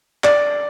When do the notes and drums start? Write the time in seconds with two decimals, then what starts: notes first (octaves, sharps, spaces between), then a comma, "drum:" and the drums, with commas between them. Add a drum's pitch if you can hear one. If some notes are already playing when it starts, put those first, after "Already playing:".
0.24 D5, drum: clap